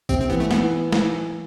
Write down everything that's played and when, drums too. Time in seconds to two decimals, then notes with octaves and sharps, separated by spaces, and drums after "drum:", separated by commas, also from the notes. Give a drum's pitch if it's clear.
0.09 C3 C4, drum: kick A1, tambourine
0.20 C4
0.30 E3 B3
0.40 A3
0.51 B3, drum: snare
0.92 drum: snare